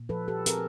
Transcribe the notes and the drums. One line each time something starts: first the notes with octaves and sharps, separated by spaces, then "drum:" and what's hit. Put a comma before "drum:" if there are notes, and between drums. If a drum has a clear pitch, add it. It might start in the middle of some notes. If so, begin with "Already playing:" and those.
Already playing: A#2
F3 A4 B4
G4 A4
C4 G#4 A#4, drum: hi-hat